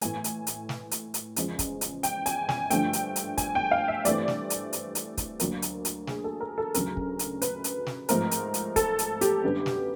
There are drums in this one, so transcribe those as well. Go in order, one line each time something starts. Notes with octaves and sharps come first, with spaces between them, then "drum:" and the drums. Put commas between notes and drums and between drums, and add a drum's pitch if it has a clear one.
A2 E3 A3 G#5, drum: hi-hat
drum: hi-hat
drum: hi-hat
drum: snare
drum: hi-hat
drum: hi-hat
E2 C#3 F3 G#3, drum: hi-hat
drum: kick, hi-hat
drum: hi-hat
G5, drum: hi-hat
G#5, drum: hi-hat
G#5, drum: snare
G2 D3 F3 A3 G5, drum: hi-hat
drum: hi-hat
drum: hi-hat
G#5, drum: kick, hi-hat
G5
F5
E5
G2 E3 A3 C4 D5, drum: hi-hat
drum: snare
drum: hi-hat
drum: hi-hat
drum: hi-hat
drum: kick, hi-hat
D2 D3 F#3 A#3, drum: hi-hat
drum: hi-hat
drum: hi-hat
G#4, drum: snare
A4
A#4
A4
D2 C#3 F#3 A#4, drum: hi-hat
drum: kick
drum: hi-hat
B4, drum: hi-hat
drum: hi-hat
drum: snare
G#2 F3 A3 C4 A#4, drum: hi-hat
drum: hi-hat
drum: hi-hat
A4, drum: kick, hi-hat
drum: hi-hat
G4, drum: hi-hat
F#2 D3 G3 B3
drum: snare